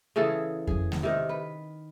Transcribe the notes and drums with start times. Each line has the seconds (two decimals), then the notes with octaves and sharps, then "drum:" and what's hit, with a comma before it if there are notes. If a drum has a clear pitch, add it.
0.16 C#3 E3 G#4 A4
0.67 G#4, drum: kick F2
0.92 drum: snare G#3
1.03 C3 D#3
1.29 B4